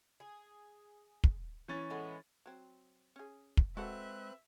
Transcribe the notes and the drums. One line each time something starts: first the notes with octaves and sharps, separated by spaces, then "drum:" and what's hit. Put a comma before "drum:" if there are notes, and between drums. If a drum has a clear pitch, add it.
G#4
drum: kick
E3 C#4 A6
A2 G#3 B3
F#3 C4
C#4 G#4
drum: kick
G#3 C4 F#4 A4 B4 E5 F#5 F#6